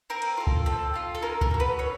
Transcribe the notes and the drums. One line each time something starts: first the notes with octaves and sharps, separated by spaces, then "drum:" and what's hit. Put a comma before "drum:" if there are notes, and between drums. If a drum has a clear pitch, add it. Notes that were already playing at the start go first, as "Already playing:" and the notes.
C4 A#4
drum: cymbal
F4 A4
drum: kick
C4 A4
F4 A4
A4
C#4 A#4
A#4, drum: kick
F#4 A4
B4
C#4 C#5